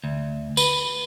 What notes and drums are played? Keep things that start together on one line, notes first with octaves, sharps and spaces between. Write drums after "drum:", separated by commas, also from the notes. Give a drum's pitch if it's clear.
D2
B4, drum: tambourine